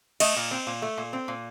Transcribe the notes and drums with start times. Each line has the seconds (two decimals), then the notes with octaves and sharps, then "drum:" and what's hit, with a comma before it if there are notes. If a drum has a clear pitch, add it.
0.20 A3 D#5, drum: cymbal
0.36 A#2
0.51 C4
0.67 A#2
0.82 A3
0.98 A#2
1.13 C4
1.28 A#2